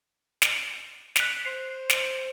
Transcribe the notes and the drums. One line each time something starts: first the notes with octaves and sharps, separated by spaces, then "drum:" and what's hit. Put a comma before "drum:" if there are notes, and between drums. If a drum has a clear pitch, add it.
drum: snare
F#6 B6 F7, drum: snare
C5 C7
drum: snare